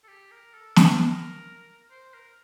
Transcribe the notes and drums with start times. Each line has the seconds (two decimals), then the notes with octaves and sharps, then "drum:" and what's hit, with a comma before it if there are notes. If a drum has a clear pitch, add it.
0.03 A4
0.08 G4
0.32 A#4
0.54 A4
0.76 G4, drum: snare
0.92 C5
0.99 A#4
1.91 C5
2.14 A#4